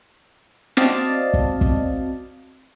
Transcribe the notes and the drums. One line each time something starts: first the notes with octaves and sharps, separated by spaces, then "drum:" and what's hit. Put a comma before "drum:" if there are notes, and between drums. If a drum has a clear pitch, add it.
C4 F#4 D5 D#5 F5 A5, drum: snare
drum: kick
drum: kick